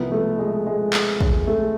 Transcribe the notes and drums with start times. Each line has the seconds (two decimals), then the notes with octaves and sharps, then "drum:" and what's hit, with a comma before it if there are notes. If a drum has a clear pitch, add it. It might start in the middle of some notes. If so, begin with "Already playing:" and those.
Already playing: C2 C3 F3 B3
0.12 A3
0.39 G#3
0.66 G#3
0.93 drum: clap
1.20 drum: kick
1.47 A3